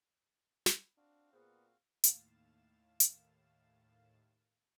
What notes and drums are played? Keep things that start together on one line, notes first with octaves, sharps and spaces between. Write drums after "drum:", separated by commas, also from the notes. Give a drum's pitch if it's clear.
B5, drum: snare
C4 D4 F#4 F5
A#2 B3 G#4 C5
D#2 A2 F5 A6 E7, drum: hi-hat
drum: hi-hat